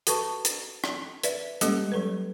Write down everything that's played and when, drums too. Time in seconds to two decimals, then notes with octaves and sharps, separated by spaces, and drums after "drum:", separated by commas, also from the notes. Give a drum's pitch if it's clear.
0.07 F#4 A4 B4 A5 C#6, drum: hi-hat
0.45 drum: hi-hat
0.84 drum: rim click
1.23 B4 D5 E5, drum: hi-hat
1.61 G3 G#3 A#3 C#4 G4 A4, drum: hi-hat
1.92 F#3 A4 B4